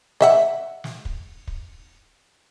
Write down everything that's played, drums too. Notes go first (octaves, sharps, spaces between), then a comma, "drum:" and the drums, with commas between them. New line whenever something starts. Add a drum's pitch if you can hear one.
D#5 E5 F#5, drum: snare
drum: snare
drum: kick
drum: kick